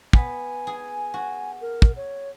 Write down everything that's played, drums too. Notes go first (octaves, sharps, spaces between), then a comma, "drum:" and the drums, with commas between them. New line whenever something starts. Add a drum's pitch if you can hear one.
B3 G#5, drum: kick
G#4
F#4
A#4
drum: kick
C#5